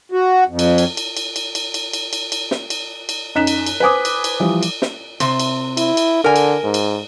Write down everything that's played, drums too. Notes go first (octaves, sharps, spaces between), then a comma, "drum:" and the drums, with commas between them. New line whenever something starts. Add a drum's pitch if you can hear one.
F#4
F2
drum: cymbal
drum: cymbal
drum: cymbal
drum: cymbal
drum: cymbal
drum: cymbal
drum: cymbal
drum: cymbal
drum: cymbal
drum: cymbal
drum: snare
drum: cymbal
drum: cymbal
F#2 D#4 F#6 B6 E7
drum: cymbal
drum: cymbal
B4 C5 G#5 D6 D#6
drum: cymbal
drum: cymbal
E3 F3 G3
drum: cymbal
drum: snare
C3 C4, drum: cymbal
drum: cymbal
E4, drum: cymbal
drum: cymbal
D3 A#4 G#5
drum: cymbal
G#2
drum: cymbal